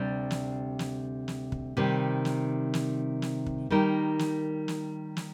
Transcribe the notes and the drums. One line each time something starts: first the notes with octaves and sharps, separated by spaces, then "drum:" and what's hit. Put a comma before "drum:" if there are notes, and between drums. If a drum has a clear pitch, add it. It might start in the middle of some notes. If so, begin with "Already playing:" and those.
Already playing: D2 C3 G3 D4
drum: snare
drum: snare
drum: snare
drum: kick
C3 D#3 G3
drum: snare
drum: snare
drum: snare
drum: kick
D#3 G3 A#3 D#4 A#4
drum: snare
drum: snare
drum: snare